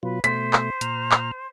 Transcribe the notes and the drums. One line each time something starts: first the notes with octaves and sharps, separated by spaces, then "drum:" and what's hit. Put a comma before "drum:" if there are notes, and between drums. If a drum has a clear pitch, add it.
B2 F#3 F4 B4
B2 A3 C5 B6, drum: hi-hat
drum: clap
A#2 A#5 F6, drum: hi-hat
drum: clap